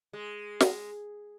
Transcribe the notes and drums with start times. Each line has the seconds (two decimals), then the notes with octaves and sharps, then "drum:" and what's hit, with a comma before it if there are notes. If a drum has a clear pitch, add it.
0.13 G#3
0.60 drum: snare